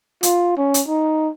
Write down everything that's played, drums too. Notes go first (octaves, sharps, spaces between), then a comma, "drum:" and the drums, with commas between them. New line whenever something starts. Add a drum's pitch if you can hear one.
F4, drum: hi-hat
C#4
drum: hi-hat
D#4